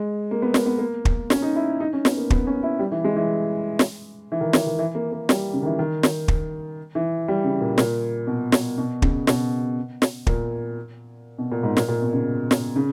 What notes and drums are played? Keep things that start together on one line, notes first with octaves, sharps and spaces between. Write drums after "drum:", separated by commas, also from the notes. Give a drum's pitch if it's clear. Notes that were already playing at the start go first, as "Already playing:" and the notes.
Already playing: G#3
A#3
B3
A#3, drum: snare
B3
A#3
drum: kick
C#4, drum: snare
D#4
E4
D#4
C#4
B3, drum: snare
A#3
B3, drum: kick
C#4
E4
G3
E3
G#3
E3
drum: snare
E3
D#3
E3, drum: snare
D#3
E3
A#3
A#3
G3, drum: snare
C#3
D#3
E3
D#3
drum: snare
drum: kick
E3
G3
C#3
A#2
A#2, drum: snare
B2
drum: snare
B2
C#3, drum: kick
B2, drum: snare
drum: snare
A#2, drum: kick
B2
A#2
G#2
A#2, drum: snare
A#2
B2
C#3
drum: snare
C#3